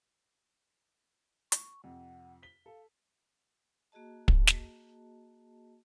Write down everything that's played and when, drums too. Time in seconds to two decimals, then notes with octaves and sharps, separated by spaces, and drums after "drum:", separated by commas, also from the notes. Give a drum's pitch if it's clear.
1.52 C#6, drum: hi-hat
1.84 F2 C3 F#5
2.43 B6 G7
2.66 A4 F5
3.92 A#3 F#4 G#4 D#5 A5
4.28 drum: kick
4.47 drum: snare